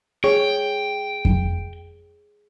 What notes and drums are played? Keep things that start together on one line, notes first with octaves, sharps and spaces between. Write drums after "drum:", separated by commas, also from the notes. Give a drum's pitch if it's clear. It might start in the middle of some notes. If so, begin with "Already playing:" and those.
G#4 C#5 G5
drum: kick F2